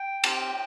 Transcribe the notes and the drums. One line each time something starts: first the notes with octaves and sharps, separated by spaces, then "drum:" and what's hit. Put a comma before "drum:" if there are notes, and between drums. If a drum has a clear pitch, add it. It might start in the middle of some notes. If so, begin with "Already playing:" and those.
Already playing: G5
C4 G4, drum: cymbal